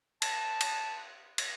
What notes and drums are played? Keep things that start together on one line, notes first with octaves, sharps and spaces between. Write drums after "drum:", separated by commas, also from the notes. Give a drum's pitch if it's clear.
A5, drum: cymbal
drum: cymbal
drum: cymbal